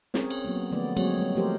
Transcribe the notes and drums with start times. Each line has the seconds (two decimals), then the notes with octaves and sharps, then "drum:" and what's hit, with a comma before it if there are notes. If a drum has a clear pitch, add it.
0.14 C4 C#4 G#4 A#4 C#5, drum: snare
0.30 drum: cymbal
0.45 F#3 A#3 B3
0.71 D3 F3 A3 B3 D5
0.97 F#3 G#3 A#3 C4 G#4 C#5, drum: cymbal
1.16 G3 G#3
1.35 F3 A3 G4 A#4 C5